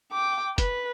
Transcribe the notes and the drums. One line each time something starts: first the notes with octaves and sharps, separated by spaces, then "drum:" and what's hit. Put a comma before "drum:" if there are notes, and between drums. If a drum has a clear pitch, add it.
G5 D6
B4, drum: kick F1, hi-hat